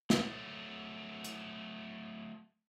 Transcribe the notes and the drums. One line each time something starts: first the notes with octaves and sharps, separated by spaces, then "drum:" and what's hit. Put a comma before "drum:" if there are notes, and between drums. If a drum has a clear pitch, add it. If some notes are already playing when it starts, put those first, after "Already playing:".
F#3 A3, drum: snare
drum: hi-hat